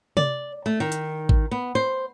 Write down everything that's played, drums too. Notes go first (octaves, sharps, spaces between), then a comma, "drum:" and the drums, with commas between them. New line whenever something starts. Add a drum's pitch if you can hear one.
D5, drum: tom C3
A3
D#3
drum: hi-hat
drum: kick A1
B3
C5